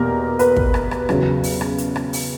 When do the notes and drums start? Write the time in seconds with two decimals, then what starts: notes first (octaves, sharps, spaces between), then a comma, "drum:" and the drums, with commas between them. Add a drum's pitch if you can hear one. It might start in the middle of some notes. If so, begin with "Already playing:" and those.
Already playing: E2 B2 A#3 G4 A#4
0.39 B4, drum: hi-hat
0.57 drum: kick
0.74 drum: rim click
0.91 drum: rim click
1.09 E2 C#3 F#3, drum: rim click
1.43 drum: open hi-hat
1.61 drum: rim click
1.78 drum: hi-hat
1.96 drum: rim click
2.13 drum: open hi-hat